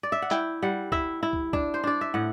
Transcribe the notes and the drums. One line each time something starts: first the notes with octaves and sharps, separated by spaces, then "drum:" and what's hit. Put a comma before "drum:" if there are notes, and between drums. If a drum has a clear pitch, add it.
D5
E5
F#5
E4 G5, drum: clap
G3 F#5
E4 E5, drum: kick
E4
drum: kick
D4, drum: kick
C5
D4 D5
E5
A2 F#5